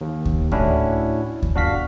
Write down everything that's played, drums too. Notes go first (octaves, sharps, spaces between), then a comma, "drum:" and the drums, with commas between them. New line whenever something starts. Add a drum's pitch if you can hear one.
D#2
drum: kick D2
A2 C#4 D4 E4 F#4, drum: kick D2
drum: kick D2
G1 D4 F#4 F5 B6